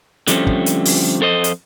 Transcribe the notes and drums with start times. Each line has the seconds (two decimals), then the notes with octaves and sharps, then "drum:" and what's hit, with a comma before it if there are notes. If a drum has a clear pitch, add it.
0.27 D3 F3 G3 A3 C4 C#4, drum: hi-hat
0.47 drum: kick
0.66 drum: hi-hat
0.86 drum: open hi-hat
1.21 F2 A4 C5 D#5
1.44 drum: hi-hat